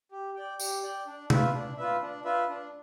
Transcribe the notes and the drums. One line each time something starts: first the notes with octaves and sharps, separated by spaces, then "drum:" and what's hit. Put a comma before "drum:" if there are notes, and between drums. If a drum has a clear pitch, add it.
G4
D5 G5
G4, drum: tambourine
D5 G5
D4
F4 B4 E5, drum: tom C3
D4
F4 B4 E5
D4
F4 B4 E5
D4